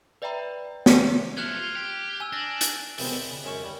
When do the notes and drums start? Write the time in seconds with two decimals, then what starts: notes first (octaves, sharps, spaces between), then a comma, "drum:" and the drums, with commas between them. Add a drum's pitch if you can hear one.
0.22 B4 D5 E5 G5 A#5 B5
0.86 drum: snare
1.37 F3 A3 F6 F#6 G#6
1.56 F4
1.76 G4
2.20 G#5 E6
2.33 D4 A6 A#6
2.61 drum: hi-hat
2.98 D#2 C3 F3 G#3 B3 C4, drum: open hi-hat
3.13 A4 D5 E5
3.30 C#3
3.44 F#2 G#3 C#4 E5 C#6
3.61 D#2 G3